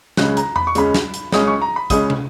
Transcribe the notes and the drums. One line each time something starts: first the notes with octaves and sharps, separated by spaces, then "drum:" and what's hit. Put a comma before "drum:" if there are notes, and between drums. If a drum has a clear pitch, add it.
C#2 C#3 G#3 C#4 F#6, drum: snare
A#5, drum: hi-hat
B5, drum: tom E2
C#6
C#2 C#3 G#3 C#4 B5, drum: hi-hat
drum: snare
drum: hi-hat
C#2 C#3 G#3 C#4 D#6, drum: snare
C#6
A#5
B5
C#2 C#3 G#3 C#4 D#6, drum: kick, hi-hat
drum: tom